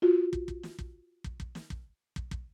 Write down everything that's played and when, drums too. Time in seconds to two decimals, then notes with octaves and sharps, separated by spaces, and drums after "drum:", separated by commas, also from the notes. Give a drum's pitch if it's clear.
0.02 F4 F#4
0.33 drum: kick
0.48 drum: kick
0.63 drum: snare
0.79 drum: kick
1.24 drum: kick
1.40 drum: kick
1.55 drum: snare
1.70 drum: kick
2.16 drum: kick
2.31 drum: kick